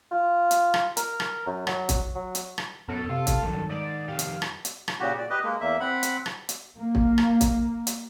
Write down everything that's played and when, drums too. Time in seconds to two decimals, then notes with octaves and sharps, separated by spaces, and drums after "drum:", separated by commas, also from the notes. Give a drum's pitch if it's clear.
0.11 F4
0.51 drum: hi-hat
0.74 drum: rim click
0.97 A#4, drum: hi-hat
1.20 drum: rim click
1.46 F#2
1.67 F#3, drum: rim click
1.89 drum: kick, hi-hat
2.15 F#3
2.35 drum: hi-hat
2.58 drum: rim click
2.88 F#2 B2 A4
3.09 C3 F4
3.27 drum: kick, hi-hat
3.43 G2 D#3 F#3
3.70 G#2 D5
4.08 F2 G4 F5
4.19 drum: hi-hat
4.42 drum: rim click
4.65 drum: hi-hat
4.88 drum: rim click
4.99 A#2 C#3 F#4 G4
5.17 A#2 D5
5.30 G4 B4 D#5
5.44 G#3 A#3
5.61 E2 A#3 E5
5.80 C4 F#5 B5
6.03 drum: hi-hat
6.26 drum: rim click
6.49 drum: hi-hat
6.77 A#3
6.95 drum: kick
7.18 drum: rim click
7.41 drum: kick, hi-hat
7.87 drum: hi-hat